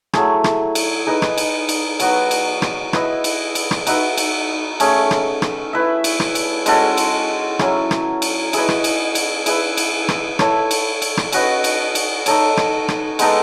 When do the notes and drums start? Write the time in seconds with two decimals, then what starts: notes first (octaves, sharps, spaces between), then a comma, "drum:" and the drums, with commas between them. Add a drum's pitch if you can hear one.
0.13 F#3 A3 E4 G#4, drum: rim click
0.44 drum: rim click
0.75 drum: cymbal
1.06 D#4 G#4 B4 D#5
1.22 drum: rim click
1.38 drum: cymbal
1.69 drum: cymbal
2.00 F#3 B3 F#4 B4, drum: cymbal
2.31 drum: cymbal
2.62 drum: rim click
2.93 E4 B4 D#5, drum: rim click
3.24 drum: cymbal
3.55 drum: cymbal
3.71 drum: rim click
3.87 D#4 F#4 B4 E5, drum: cymbal
4.17 drum: cymbal
4.80 A3 C#4 G#4, drum: cymbal
5.11 drum: rim click
5.42 drum: rim click
5.73 E4 B4 E5
6.04 drum: cymbal
6.20 drum: rim click
6.35 drum: cymbal
6.66 G#3 C#4 F#4 A4, drum: cymbal
6.97 drum: cymbal
7.59 F#3 C#4 E4, drum: rim click
7.91 drum: rim click
8.22 drum: cymbal
8.53 E4 G#4 B4 D#5, drum: cymbal
8.69 drum: rim click
8.84 drum: cymbal
9.15 drum: cymbal
9.46 E4 G#4 B4 E5, drum: cymbal
9.77 drum: cymbal
10.08 drum: rim click
10.39 E4 A4 C#5, drum: rim click
10.71 drum: cymbal
11.02 drum: cymbal
11.17 drum: rim click
11.32 C#4 F#4 B4 D#5, drum: cymbal
11.64 drum: cymbal
11.95 drum: cymbal
12.26 D#4 A4 C#5, drum: cymbal
12.57 drum: rim click
12.88 drum: rim click
13.19 G#3 B3 D#4 A4, drum: cymbal